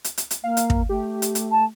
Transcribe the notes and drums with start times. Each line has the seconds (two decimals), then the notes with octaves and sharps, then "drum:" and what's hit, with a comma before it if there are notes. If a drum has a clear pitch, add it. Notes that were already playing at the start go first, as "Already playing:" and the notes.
0.04 drum: hi-hat
0.18 drum: hi-hat
0.31 drum: hi-hat
0.44 A#3 F5
0.57 drum: hi-hat
0.70 drum: kick
0.89 A3 G4
1.22 drum: hi-hat
1.35 drum: hi-hat
1.51 A5